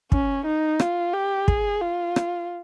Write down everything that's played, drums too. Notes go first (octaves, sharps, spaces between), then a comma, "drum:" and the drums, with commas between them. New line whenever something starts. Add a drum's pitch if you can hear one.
C#4, drum: kick
D#4
F4, drum: rim click
G4
G#4, drum: kick
F4
drum: rim click